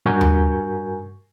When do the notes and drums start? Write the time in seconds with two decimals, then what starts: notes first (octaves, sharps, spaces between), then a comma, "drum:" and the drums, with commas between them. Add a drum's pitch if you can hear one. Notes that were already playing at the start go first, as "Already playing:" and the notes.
0.06 G2 F#4 A#4 G#5 C#6 G6
0.21 drum: tom D#2